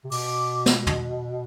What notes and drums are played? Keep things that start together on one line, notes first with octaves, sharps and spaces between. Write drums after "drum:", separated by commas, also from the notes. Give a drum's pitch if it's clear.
C3
B2 D6, drum: open hi-hat
drum: snare
drum: tom